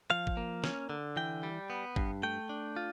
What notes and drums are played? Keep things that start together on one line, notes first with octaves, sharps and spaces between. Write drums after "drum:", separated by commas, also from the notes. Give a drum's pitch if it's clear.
F3 F5
drum: kick G#1
A#3
C#4, drum: snare
D3
E3 G5
G3
B3
G2, drum: kick G#1
A3 G5
D4
F4